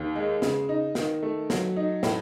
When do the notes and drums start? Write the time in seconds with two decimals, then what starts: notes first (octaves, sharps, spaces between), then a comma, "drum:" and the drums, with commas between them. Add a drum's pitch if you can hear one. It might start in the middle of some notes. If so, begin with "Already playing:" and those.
Already playing: D#2
0.15 G#3
0.42 C#3, drum: snare
0.69 D#4
0.95 D#3, drum: snare
1.23 A3
1.50 F#3, drum: snare
1.76 D#4
2.03 A2, drum: snare